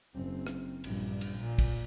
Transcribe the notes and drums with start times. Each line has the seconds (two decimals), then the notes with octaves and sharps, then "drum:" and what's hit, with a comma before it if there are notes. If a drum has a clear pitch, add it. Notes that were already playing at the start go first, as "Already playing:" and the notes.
0.15 F#1 C4
0.47 drum: rim click
0.84 A#1 G2, drum: cymbal
1.21 drum: cymbal
1.38 A#2
1.58 drum: kick, cymbal